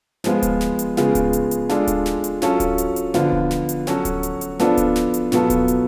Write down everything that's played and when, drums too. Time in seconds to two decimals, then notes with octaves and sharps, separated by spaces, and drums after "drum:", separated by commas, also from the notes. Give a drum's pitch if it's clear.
0.24 F3 G#3 B3 F4, drum: snare
0.42 drum: kick D1, hi-hat
0.61 drum: snare
0.79 drum: hi-hat
0.97 C#3 G#3 B3 F4, drum: snare
1.15 drum: kick D1, hi-hat
1.33 drum: hi-hat
1.51 drum: hi-hat
1.69 G#3 D4 F4 A4, drum: snare
1.87 drum: kick D1, hi-hat
2.06 drum: snare
2.24 drum: hi-hat
2.42 F#3 C#4 F4 A4, drum: snare
2.60 drum: kick D1, hi-hat
2.78 drum: hi-hat
2.96 drum: hi-hat
3.14 D3 F3 B3 F4, drum: snare
3.32 drum: kick D1
3.51 drum: snare
3.69 drum: hi-hat
3.87 F#3 C#4 F#4 A4, drum: snare
4.05 drum: kick D1, hi-hat
4.23 drum: hi-hat
4.41 drum: hi-hat
4.59 F3 B3 D4 F4 A4, drum: snare
4.77 drum: kick D1, hi-hat
4.96 drum: snare
5.14 drum: hi-hat
5.32 B2 F#3 B3 F4 A4, drum: snare
5.50 drum: kick D1, hi-hat
5.68 drum: hi-hat